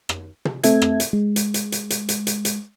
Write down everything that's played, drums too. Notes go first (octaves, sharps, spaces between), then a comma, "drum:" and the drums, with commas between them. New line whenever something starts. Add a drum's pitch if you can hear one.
drum: rim click
drum: tom
A3 C4 A4 E5 G#6, drum: hi-hat
drum: rim click
drum: hi-hat
G#3
drum: hi-hat
drum: hi-hat
drum: hi-hat
drum: hi-hat
drum: hi-hat
drum: hi-hat
drum: hi-hat